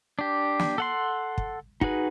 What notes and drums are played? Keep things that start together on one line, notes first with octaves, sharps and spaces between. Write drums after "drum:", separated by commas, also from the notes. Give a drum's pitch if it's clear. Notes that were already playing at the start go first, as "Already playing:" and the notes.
D4 G4
drum: snare
A4 F#5 C6
drum: kick
D#4 F#4 G#4 B4, drum: kick